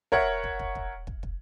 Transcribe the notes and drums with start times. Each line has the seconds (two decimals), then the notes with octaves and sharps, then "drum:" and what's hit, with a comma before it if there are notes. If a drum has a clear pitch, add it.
0.12 A#4 C#5 E5 F#5, drum: kick
0.44 drum: kick
0.59 drum: kick
0.75 drum: kick
1.07 drum: kick
1.23 drum: kick